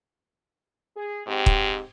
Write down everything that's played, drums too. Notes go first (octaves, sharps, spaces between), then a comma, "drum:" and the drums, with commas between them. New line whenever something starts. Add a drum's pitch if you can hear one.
G#4
G#2 C4 G4
drum: kick